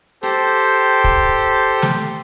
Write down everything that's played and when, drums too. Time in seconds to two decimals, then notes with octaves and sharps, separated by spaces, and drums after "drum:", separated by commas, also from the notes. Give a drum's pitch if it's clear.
0.23 G4 A4 C5, drum: hi-hat
1.04 drum: kick
1.82 drum: snare